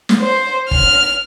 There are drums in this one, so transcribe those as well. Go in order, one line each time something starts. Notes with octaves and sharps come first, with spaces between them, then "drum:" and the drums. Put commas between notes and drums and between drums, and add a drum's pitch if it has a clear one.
drum: snare
C5
F6, drum: kick